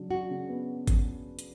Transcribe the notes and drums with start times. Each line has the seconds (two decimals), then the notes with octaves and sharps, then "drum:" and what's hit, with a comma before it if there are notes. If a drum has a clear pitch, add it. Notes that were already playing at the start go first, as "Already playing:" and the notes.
Already playing: C#3 F#3 D4
0.11 D4 F#4
0.31 C#3
0.49 B3
0.87 drum: kick G#1, hi-hat
1.39 drum: hi-hat